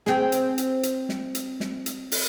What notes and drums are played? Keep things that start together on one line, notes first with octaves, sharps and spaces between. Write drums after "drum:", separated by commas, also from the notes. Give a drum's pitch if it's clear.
C4 G#4, drum: snare
drum: hi-hat
drum: hi-hat
drum: hi-hat
drum: snare
drum: hi-hat
drum: snare
drum: hi-hat
drum: open hi-hat